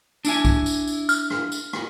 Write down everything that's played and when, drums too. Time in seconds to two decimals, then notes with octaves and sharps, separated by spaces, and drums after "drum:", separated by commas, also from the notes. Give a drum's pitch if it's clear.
0.25 D4 E4 G#5, drum: tambourine
0.45 drum: kick, tambourine
0.66 drum: tambourine
0.87 drum: tambourine
1.09 F6, drum: tambourine
1.30 drum: rim click
1.52 drum: tambourine
1.73 drum: rim click